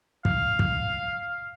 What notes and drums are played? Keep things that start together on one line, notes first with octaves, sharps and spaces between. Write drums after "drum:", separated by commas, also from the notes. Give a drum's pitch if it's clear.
F5, drum: kick
drum: kick